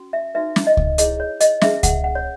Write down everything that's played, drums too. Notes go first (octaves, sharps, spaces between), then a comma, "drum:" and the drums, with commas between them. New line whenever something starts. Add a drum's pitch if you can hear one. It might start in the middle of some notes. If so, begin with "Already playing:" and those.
Already playing: C#4 F#4
E5
D#4 F#4 B4 E5
drum: snare
D#5
drum: kick C#2
E4 G#4 C#5 D#5, drum: hi-hat
C#5
D#5, drum: hi-hat
C#4 G#4 B4 E5, drum: snare
F#5, drum: kick C#2, hi-hat
F#5
C#5